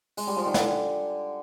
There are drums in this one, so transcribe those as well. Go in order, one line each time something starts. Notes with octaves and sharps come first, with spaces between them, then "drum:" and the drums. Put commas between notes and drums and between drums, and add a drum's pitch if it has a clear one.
G#3, drum: open hi-hat
G3
F3
D#3
D3, drum: snare